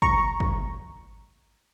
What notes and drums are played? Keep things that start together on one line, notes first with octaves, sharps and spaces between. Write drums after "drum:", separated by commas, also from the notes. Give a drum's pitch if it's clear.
A#5 C#6, drum: kick
drum: kick